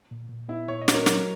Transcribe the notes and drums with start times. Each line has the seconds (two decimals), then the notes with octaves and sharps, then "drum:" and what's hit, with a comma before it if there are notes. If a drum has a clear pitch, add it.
0.11 A#2
0.29 A#2
0.49 B3 E4
0.68 A#2 C#5
0.82 D#5
0.88 F#4, drum: snare
0.94 A#4 C#5
1.06 F#3, drum: snare